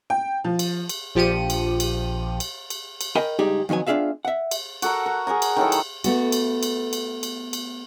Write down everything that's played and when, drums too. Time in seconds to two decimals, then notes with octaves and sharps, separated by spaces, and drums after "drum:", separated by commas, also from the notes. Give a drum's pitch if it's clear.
0.10 G5
0.44 F3
0.59 drum: cymbal
0.89 drum: cymbal
1.15 A#1 F3 G4 C#7 D#7
1.50 drum: cymbal
1.80 drum: cymbal
2.40 drum: cymbal
2.70 drum: cymbal
3.01 drum: cymbal
3.15 A#4 D#5 G5 G#5 B5
3.39 C#2 G2 D#4 G4 G#4 D5
3.69 F2 D#3 F#3 B3 G#5
3.87 B3 D4 F4 G#4 E5 F5
4.25 E5 F#5
4.51 drum: cymbal
4.82 F#4 A4 A#4 F#5, drum: cymbal
5.06 A#4
5.27 G#4 A#4 G#5 A#5
5.42 drum: cymbal
5.57 D#3 F#3 E4 A4
5.72 drum: cymbal
6.04 A3 B3 F#4, drum: cymbal
6.32 drum: cymbal
6.63 drum: cymbal
6.93 drum: cymbal
7.23 drum: cymbal
7.53 drum: cymbal